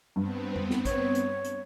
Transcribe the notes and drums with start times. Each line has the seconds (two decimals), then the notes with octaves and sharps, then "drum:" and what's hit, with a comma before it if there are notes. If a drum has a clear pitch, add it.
0.16 G2 B3 C4
0.56 drum: tom F2
0.71 drum: snare
0.85 C#5, drum: kick A1, hi-hat
1.15 drum: hi-hat
1.45 drum: hi-hat